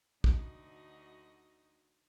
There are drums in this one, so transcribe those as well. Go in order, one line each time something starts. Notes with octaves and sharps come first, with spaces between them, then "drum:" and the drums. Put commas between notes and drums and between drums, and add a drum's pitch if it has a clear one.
D2 D3 D#4 F#4 D#5, drum: kick